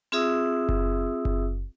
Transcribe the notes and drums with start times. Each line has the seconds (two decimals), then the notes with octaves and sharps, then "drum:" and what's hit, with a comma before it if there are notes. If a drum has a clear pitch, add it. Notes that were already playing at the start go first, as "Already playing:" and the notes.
0.12 C4 F4 G#4 E5 D#6 E6
0.69 drum: kick F#1
1.25 drum: kick F#1